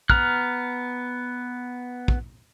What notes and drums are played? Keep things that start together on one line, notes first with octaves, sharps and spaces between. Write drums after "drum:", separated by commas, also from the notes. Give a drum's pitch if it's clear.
B3 A#5 F6 F#6, drum: kick
drum: kick